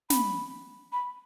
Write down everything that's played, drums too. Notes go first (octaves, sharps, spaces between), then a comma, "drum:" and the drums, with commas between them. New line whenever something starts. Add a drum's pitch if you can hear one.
B5, drum: snare
B5